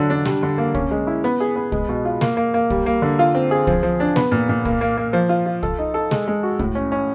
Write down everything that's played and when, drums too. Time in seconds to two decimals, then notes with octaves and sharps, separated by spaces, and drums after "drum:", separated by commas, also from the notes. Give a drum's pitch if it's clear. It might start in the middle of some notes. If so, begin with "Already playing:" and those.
Already playing: D3 F#3 D4
0.10 D4
0.25 G3, drum: snare
0.43 D3
0.58 A#3
0.75 C#4, drum: kick
0.91 G#3
1.07 E4
1.24 B3
1.40 G#4
1.56 B3
1.72 G#3, drum: kick
1.89 B2
2.05 F4
2.21 A#3, drum: snare
2.37 A#3
2.54 A#3
2.70 G3, drum: kick
2.86 A#3
3.02 D3
3.19 F4
3.35 C4
3.51 G#4
3.67 F3, drum: kick
3.83 F3
4.00 D4
4.16 B3, drum: snare
4.32 A#2
4.49 A#2
4.65 A#3, drum: kick
4.81 A#3
4.97 A#3
5.13 F3
5.29 F4
5.46 F4
5.63 A4, drum: kick
5.79 D#4
5.94 A4
6.11 G#3, drum: snare
6.28 G#3
6.43 F#4
6.59 A2, drum: kick
6.75 C#4
6.92 C#4